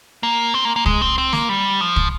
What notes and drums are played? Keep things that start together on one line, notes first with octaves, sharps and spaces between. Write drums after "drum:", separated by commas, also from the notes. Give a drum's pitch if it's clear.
A#3
C4
A#3
A#3
G#3, drum: kick
C4
C4
A#3, drum: snare
G3
F3
drum: kick